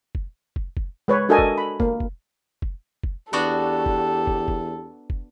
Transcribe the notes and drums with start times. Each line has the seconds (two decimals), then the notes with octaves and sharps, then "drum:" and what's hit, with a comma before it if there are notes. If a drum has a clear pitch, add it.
0.15 drum: kick
0.56 drum: kick
0.77 drum: kick
1.08 G#3 B4 C#5
1.29 D4 F#4 A4 A#4 D#5 G#5
1.39 drum: kick
1.58 B5
1.80 A#3, drum: kick
2.00 drum: kick
2.62 drum: kick
3.04 drum: kick
3.33 E2 B3 D4 F#4 G4 A4
3.86 drum: kick
4.27 drum: kick
4.48 drum: kick
5.10 drum: kick